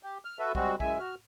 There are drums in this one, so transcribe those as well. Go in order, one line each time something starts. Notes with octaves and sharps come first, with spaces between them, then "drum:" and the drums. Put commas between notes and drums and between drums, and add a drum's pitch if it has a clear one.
G4
F6
F#4 A4 B4 E5
G3 G#3 C4 F#4, drum: kick
F#2 E3 G#3 E5 G#5, drum: kick
F#4 F6